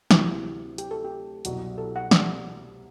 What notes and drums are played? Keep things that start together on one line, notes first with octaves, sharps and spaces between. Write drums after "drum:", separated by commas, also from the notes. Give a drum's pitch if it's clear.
D2 C3 F#3 E4, drum: snare
G4, drum: hi-hat
A4
G4
C2 B2 F#3, drum: hi-hat
A4
F#5
D5, drum: snare